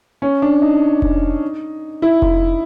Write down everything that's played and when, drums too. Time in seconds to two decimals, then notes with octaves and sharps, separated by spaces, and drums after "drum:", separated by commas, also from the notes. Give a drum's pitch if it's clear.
0.22 C#4
0.42 D4
0.62 D#4
1.02 drum: kick F1
2.02 E4
2.22 drum: kick F1